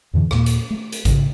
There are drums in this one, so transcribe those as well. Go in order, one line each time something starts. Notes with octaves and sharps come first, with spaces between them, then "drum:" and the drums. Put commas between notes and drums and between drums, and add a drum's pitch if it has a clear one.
F2 G#2 D3 E3
D#2 A#2 A#3, drum: rim click
drum: hi-hat
A3
drum: hi-hat
G#2 C#3, drum: kick A1, hi-hat